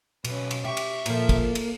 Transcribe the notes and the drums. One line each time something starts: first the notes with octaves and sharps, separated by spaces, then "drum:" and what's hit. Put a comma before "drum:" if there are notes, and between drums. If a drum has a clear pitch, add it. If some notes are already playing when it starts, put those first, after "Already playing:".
B1 C#4 B4, drum: cymbal
drum: cymbal
G4 E5 C#6
drum: cymbal
A#2 F3 A#3 A4, drum: cymbal
drum: kick, cymbal
drum: cymbal